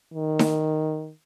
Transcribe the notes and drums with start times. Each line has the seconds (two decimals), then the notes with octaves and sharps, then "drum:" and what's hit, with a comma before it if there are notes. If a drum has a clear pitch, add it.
0.14 D#3
0.39 drum: snare D#4